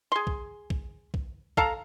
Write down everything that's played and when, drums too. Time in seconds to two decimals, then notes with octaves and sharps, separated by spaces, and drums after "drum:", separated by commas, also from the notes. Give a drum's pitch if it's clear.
0.12 G#4 C6
0.27 drum: kick
0.70 drum: kick
1.14 drum: kick
1.57 A4 F5 A5 A#5, drum: kick